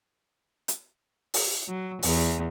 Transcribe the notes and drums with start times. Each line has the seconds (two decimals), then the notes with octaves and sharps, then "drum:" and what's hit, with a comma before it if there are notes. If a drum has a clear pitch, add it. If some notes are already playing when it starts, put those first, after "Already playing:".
0.68 drum: hi-hat
1.34 drum: open hi-hat
1.68 F#3
2.02 E2, drum: open hi-hat